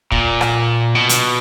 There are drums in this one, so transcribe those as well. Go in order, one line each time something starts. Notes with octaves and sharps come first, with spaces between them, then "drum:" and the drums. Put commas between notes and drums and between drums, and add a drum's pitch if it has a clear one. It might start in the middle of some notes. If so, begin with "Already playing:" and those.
A#2, drum: kick
drum: rim click
B2
drum: hi-hat